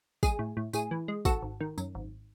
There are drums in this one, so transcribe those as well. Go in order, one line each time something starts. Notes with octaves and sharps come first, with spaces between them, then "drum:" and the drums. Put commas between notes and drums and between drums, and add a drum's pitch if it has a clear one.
G#3 G#4, drum: kick, tambourine
A2
A2
A2 G#4, drum: tambourine
E3
G#3
G#1 F#4 A4, drum: kick, tambourine
G#1
D#3
F#2, drum: tambourine
G#1